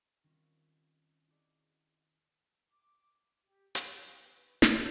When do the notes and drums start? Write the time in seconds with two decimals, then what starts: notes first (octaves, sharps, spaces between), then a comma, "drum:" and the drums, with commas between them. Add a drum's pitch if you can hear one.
0.23 D#3 G3 C4 C#4 F4 A#6
1.28 E4 F#4 G#4 D5 D#5
2.71 D6
3.44 G4
3.75 B4, drum: hi-hat
4.62 drum: snare